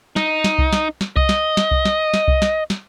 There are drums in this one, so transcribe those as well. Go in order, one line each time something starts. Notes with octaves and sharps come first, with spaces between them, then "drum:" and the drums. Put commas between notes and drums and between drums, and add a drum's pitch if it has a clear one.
D#4, drum: snare
drum: snare
drum: kick C2
drum: snare
drum: snare
D#5, drum: kick C2
drum: snare
drum: snare
drum: kick C2
drum: snare
drum: snare
drum: kick C2
drum: snare
drum: snare